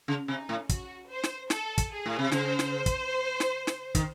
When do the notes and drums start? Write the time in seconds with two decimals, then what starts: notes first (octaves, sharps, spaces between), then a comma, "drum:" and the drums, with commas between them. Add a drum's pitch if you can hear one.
0.08 C#3
0.28 C3 D#4
0.49 A2
0.69 F#4, drum: kick, hi-hat
1.10 C5
1.23 drum: snare
1.50 A4, drum: snare
1.78 drum: kick, hi-hat
1.91 G#4
2.06 A2
2.19 C3
2.32 C#3 C5, drum: snare
2.59 drum: snare
2.86 drum: kick, hi-hat
3.40 drum: snare
3.67 drum: snare
3.95 D#3, drum: kick, hi-hat